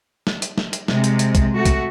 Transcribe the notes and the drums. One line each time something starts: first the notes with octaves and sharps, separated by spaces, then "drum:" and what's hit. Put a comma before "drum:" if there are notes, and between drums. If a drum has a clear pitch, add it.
drum: snare
drum: hi-hat
drum: snare
drum: hi-hat
C3 G#3, drum: snare
drum: hi-hat
drum: hi-hat
drum: kick, hi-hat
A3 F#4
drum: kick, hi-hat